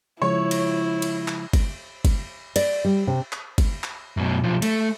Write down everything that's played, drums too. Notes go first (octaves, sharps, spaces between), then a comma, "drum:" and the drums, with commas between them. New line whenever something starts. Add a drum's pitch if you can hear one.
C#3 F3 G#3 E4 C#5
drum: cymbal
drum: cymbal
drum: clap
drum: kick G1, cymbal
drum: kick G1, cymbal
D5, drum: cymbal
G3
C3
drum: clap
drum: kick G1, cymbal
drum: clap
F#2 B2
B1 F3
A3, drum: cymbal